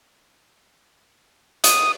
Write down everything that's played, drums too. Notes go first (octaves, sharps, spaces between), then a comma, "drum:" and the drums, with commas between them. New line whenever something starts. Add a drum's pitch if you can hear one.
D#6, drum: hi-hat